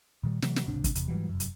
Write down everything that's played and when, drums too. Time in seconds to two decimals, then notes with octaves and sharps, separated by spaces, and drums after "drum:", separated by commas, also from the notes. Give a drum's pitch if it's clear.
0.23 A#2 D#3 G3
0.42 C3 E3 F#3 A3, drum: snare
0.56 drum: snare
0.66 G#1 C#2 C3 D4
0.84 drum: kick, hi-hat
0.95 E2 C3, drum: hi-hat
1.08 G#2 E3 F#3 G3
1.29 F1 F#2
1.40 drum: hi-hat